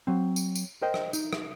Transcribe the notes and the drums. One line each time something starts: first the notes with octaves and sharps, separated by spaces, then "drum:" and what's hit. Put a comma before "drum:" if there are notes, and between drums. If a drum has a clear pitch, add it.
F#3 C4
drum: tambourine
drum: tambourine
A#4 C5 D#5 G5
drum: rim click
D#4, drum: tambourine
drum: rim click